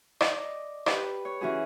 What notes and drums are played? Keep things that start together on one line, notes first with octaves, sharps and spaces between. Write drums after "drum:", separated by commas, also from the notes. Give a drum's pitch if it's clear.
D5 D#5, drum: rim click
G4 B4, drum: rim click
C#5
E3 C#4 F#4 G#4